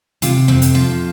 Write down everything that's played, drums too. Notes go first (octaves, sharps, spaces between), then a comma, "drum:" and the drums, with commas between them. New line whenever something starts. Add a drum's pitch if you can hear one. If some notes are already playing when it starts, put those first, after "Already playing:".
C3 F4, drum: hi-hat
F2 C4
drum: hi-hat
F3 F4